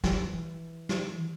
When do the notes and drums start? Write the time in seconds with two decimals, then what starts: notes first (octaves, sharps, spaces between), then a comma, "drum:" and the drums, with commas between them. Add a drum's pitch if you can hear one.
0.04 E3, drum: snare
0.89 drum: snare